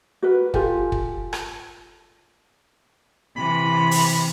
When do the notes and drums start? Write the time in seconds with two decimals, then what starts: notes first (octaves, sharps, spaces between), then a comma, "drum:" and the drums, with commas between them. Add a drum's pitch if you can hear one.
0.22 F#4 A#4 B4
0.54 F4 G4 A4 G#5, drum: kick
0.92 drum: kick
1.33 drum: rim click
3.36 C3 E3 B5
3.91 drum: open hi-hat